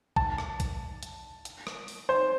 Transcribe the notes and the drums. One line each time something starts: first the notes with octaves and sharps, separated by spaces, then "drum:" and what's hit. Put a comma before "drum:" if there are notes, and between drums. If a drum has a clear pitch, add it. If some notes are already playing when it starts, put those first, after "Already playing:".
A5, drum: kick
drum: rim click
drum: kick, hi-hat
drum: hi-hat
drum: hi-hat
drum: rim click
drum: open hi-hat
C5